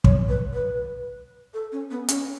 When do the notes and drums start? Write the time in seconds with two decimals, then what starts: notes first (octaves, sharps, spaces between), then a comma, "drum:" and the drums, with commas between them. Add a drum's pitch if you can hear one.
0.04 C#5, drum: kick
0.29 B4
0.53 B4
1.54 A4
1.72 C#4
1.90 B3
2.08 C#4, drum: hi-hat